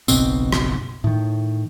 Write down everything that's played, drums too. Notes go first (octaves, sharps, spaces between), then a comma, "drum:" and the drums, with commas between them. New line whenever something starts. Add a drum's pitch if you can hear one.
F#1 B1 B2 C4, drum: tambourine
drum: rim click
A2 D#3